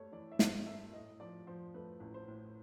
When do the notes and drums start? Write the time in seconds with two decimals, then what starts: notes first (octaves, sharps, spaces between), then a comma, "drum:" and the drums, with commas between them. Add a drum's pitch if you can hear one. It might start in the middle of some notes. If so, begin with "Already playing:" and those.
Already playing: G2 A3 C#5
0.12 E3 D5
0.32 E5
0.39 G#1 D#5, drum: snare
0.66 A3 E5
0.92 A2 D#5
1.20 F3 D5
1.47 F3 C5
1.74 A3 B4
2.00 A1
2.14 C5
2.28 A2